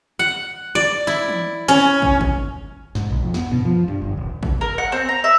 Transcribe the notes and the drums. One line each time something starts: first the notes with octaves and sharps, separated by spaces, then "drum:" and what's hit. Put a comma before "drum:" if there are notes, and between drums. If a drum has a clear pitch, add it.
F#5
D5, drum: snare
E4, drum: snare
drum: tom E3
C#4
drum: kick
drum: kick
G#2, drum: snare
B1
F2
B3, drum: snare
B2, drum: tom F#2
F3
G2
G1
D#1
drum: kick
A#4
F#5
C4
A#5
E5